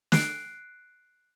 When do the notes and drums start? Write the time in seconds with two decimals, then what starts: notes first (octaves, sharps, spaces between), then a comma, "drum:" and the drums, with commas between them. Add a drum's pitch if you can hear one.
0.12 F#6 C7 D7, drum: snare